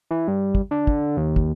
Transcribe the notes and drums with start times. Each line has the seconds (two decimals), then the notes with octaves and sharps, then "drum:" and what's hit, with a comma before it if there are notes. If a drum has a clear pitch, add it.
0.11 E3
0.28 G2
0.55 drum: kick
0.71 D3
0.87 drum: kick
1.17 D#2
1.36 drum: kick